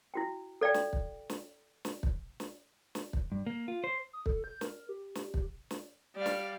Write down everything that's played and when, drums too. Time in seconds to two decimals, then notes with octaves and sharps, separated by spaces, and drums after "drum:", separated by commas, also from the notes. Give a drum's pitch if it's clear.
0.14 E4 F#4 G5
0.61 A4 D5 F5 G5
0.74 drum: snare
0.93 drum: kick
1.29 drum: snare
1.85 drum: snare
2.03 drum: kick
2.40 drum: snare
2.95 drum: snare
3.13 drum: kick
3.32 G2
3.47 A#3
3.68 F4
3.84 C5
4.13 D#6
4.26 A4, drum: kick
4.44 G6
4.61 A#4, drum: snare
4.89 G4
5.15 drum: snare
5.34 drum: kick
5.71 drum: snare
6.16 G3 D5 F5
6.26 drum: snare